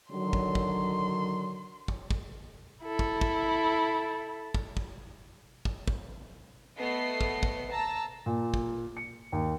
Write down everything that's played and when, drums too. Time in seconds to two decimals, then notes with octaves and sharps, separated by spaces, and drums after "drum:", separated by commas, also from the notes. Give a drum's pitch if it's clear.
0.11 D3 D#3 F#3 C6
0.33 drum: kick
0.55 drum: kick
1.88 drum: kick
2.11 drum: kick
2.83 E4 A4
2.99 drum: kick
3.21 drum: kick
4.54 drum: kick
4.77 drum: kick
5.65 drum: kick
5.88 drum: kick
6.78 A3 B3 D#5 C7
7.21 drum: kick
7.43 drum: kick
7.70 A5 A#5 E6
8.26 A#2
8.54 drum: kick
8.97 C#7
9.32 D#2